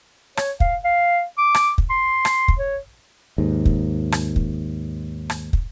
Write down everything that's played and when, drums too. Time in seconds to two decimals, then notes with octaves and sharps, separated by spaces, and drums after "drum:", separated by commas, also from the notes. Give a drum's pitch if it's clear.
0.37 C#5, drum: rim click
0.60 F5, drum: kick
0.84 F5
1.38 D6
1.55 drum: rim click
1.78 drum: kick
1.90 C6
2.25 drum: rim click
2.48 drum: kick
2.59 C#5
3.38 D#2 G#2
3.65 drum: kick
4.12 drum: rim click
4.36 drum: kick
5.30 drum: rim click
5.53 drum: kick